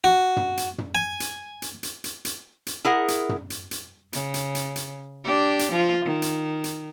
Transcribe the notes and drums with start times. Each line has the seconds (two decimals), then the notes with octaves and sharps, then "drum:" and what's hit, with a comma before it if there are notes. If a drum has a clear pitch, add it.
0.04 F#4
0.37 drum: tom
0.57 drum: hi-hat
0.78 drum: tom
0.95 G#5
1.20 drum: hi-hat
1.62 drum: hi-hat
1.83 drum: hi-hat
2.04 drum: hi-hat
2.25 drum: hi-hat
2.67 drum: hi-hat
2.85 E4 G#4 A#4 F#5
3.08 drum: hi-hat
3.29 drum: tom
3.50 drum: hi-hat
3.71 drum: hi-hat
4.13 C#3, drum: hi-hat
4.34 drum: hi-hat
4.55 drum: hi-hat
4.76 drum: hi-hat
5.24 D4 G4
5.59 drum: hi-hat
5.72 F3 F4
6.05 D#3
6.22 drum: hi-hat
6.64 drum: hi-hat